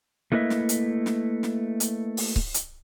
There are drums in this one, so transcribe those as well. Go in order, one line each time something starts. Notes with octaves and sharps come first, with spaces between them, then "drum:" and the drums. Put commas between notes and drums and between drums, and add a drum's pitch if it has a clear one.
A3 A#3 E4 B4 D#5 E5
drum: snare
drum: hi-hat
drum: snare
drum: snare
drum: hi-hat
drum: open hi-hat
drum: kick C#1
drum: hi-hat